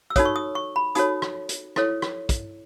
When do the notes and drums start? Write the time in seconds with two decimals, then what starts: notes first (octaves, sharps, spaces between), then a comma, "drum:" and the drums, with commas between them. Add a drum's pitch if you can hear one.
0.10 E6
0.16 D#4 F#4 A4 C#5 D#6, drum: kick, hi-hat
0.25 C#6
0.36 D#6
0.55 C#6
0.76 B5
0.95 D#4 F#4 A4 C#5 D#6, drum: hi-hat
1.22 drum: rim click
1.49 drum: hi-hat
1.76 E4 A4 C#5, drum: rim click
2.02 drum: rim click
2.29 drum: kick, hi-hat